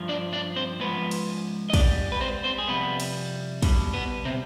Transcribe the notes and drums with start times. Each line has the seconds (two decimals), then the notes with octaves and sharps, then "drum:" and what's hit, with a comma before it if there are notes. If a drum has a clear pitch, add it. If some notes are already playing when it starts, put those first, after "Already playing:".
Already playing: G2 F3
0.09 D4 D5
0.33 D4 D5
0.56 C4 C5
0.80 G#2 F3 B3 B4
1.11 drum: cymbal
1.70 D#5
1.74 G#2 G3 D4 D5, drum: kick, cymbal
2.12 B4
2.21 C4 C5
2.44 C4 C5
2.58 G#4
2.68 F2 C3 G3 B3 B4
3.00 drum: cymbal
3.62 B2 G3, drum: kick, cymbal
3.93 B3
4.25 C3 C4